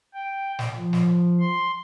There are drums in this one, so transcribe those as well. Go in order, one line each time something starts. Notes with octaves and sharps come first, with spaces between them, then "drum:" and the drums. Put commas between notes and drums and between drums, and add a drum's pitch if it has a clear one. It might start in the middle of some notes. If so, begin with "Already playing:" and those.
G5
drum: snare
F3
drum: snare
C6